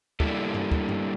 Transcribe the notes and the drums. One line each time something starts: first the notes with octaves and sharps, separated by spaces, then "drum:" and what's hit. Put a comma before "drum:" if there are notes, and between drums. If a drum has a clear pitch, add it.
G3 A#3 D4 E4 G4 A4, drum: kick
drum: tom G2
drum: kick
drum: tom G2